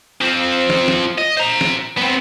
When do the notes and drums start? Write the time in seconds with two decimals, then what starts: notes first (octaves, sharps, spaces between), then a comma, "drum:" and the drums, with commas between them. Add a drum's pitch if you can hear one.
0.21 F3 C4
0.70 drum: snare
0.88 drum: snare
1.18 D#5
1.37 C5 A#5
1.61 drum: snare
1.97 B3 C4